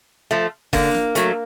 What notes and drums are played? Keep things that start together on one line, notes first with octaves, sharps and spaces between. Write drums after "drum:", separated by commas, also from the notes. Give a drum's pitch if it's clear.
F3 A3
D3 A#3, drum: kick F#1, open hi-hat
drum: snare
F#3 A3, drum: hi-hat